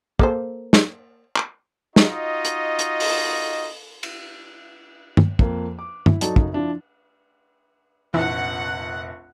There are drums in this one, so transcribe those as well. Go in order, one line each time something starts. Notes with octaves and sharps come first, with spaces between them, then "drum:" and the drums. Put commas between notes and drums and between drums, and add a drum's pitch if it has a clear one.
A#3 A4 C5, drum: kick
drum: snare
drum: clap
D#4 F4 F#4 D#5, drum: snare
drum: hi-hat
drum: hi-hat
drum: open hi-hat
drum: cymbal
drum: tom
F2 A#3, drum: kick
D6
E4, drum: tom
F#3 D#4 F#4 A4 D5 A5, drum: hi-hat
F#2 C#3 D#4, drum: kick
F3 D4 E4
F1 A#1 E3 F#5